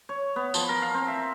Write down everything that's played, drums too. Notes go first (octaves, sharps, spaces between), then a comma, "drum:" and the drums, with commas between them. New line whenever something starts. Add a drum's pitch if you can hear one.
C#5
B3
F3, drum: tambourine
A#4
F5
C4
E5